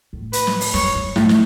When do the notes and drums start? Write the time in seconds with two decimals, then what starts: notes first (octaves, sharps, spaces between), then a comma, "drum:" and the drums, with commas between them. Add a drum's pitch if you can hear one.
0.13 A2
0.33 B4, drum: hi-hat
0.47 drum: snare
0.61 drum: open hi-hat
0.74 F#2 C#5, drum: snare
0.95 F#2
1.16 A2, drum: snare
1.29 drum: snare